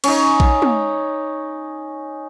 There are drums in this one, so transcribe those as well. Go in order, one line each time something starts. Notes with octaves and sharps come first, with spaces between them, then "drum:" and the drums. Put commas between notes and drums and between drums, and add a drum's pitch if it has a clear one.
C#4 D#4, drum: cymbal
drum: kick A#1
drum: tom